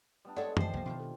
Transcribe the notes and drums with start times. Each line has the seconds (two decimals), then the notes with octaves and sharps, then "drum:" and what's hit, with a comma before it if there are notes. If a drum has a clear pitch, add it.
0.25 G3 B3 D4
0.37 G#3 A4 C#5 D5 F#5
0.57 F3 C4 E4 G4 C5, drum: tom F#2
0.74 C2 A#3
0.86 B2 D#3 F4
0.99 A4